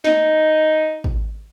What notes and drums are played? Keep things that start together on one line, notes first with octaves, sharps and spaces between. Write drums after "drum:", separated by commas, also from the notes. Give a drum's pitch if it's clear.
D#4, drum: snare
drum: kick